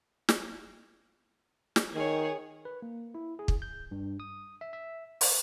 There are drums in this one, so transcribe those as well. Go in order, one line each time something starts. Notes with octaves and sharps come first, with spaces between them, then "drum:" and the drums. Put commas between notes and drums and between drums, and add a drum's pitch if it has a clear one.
drum: snare
drum: snare
D#3 G#4 C#5
B4
A#3
E4
G#4
drum: kick
G6
G2
D#6
E5
E5
C#6, drum: open hi-hat